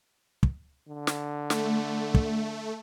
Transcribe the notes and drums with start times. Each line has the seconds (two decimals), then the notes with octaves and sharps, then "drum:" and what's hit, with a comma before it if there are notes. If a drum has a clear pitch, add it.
0.43 drum: kick
0.88 D3
1.07 drum: snare
1.50 A3, drum: snare
2.14 drum: kick